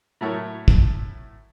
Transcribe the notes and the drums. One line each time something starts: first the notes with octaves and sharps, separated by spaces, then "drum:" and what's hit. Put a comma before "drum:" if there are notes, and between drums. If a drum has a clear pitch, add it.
A2 F#3 A3 E4 A#4 C#5
drum: kick